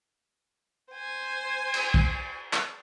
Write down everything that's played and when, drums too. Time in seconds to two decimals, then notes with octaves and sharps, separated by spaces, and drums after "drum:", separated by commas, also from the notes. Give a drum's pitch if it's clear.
0.91 C5 G#5
1.74 drum: cymbal
1.94 drum: kick
2.53 drum: clap